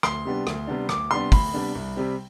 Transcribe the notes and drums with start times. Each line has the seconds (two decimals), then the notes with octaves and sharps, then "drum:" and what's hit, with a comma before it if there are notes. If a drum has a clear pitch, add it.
0.03 D2 C6, drum: rim click
0.25 C3 G3 B3 D4
0.47 D2, drum: rim click
0.67 C3 G3 B3 D4
0.89 D2 D6, drum: rim click
1.11 C3 G3 B3 D4 C6
1.32 D2 B5, drum: kick, open hi-hat
1.54 C3 G3 B3 D4
1.75 C2
1.96 C3 G3 C4